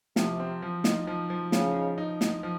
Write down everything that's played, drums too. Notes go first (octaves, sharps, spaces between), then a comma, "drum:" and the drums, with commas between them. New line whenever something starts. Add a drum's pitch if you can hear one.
C3 F3, drum: snare
C4
F3
D#4, drum: snare
F3
F3
C#3 F3, drum: snare
D#4
D#4
D#4, drum: snare
F3